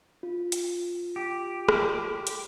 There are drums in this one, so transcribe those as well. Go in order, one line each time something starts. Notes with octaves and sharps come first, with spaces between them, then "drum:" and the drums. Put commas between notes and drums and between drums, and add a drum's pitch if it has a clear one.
F4
drum: hi-hat
G4
drum: rim click
drum: hi-hat